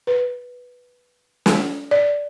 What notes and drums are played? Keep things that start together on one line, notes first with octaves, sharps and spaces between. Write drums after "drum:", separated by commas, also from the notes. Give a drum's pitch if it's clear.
B4
drum: snare
D5